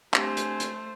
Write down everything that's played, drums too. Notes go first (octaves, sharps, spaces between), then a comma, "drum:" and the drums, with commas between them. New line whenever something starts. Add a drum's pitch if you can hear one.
A3 C4 D4 G4 C5 G#5, drum: clap
drum: hi-hat
drum: hi-hat